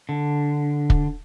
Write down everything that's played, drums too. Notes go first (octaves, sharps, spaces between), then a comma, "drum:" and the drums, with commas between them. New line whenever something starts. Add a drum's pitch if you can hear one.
D3
drum: kick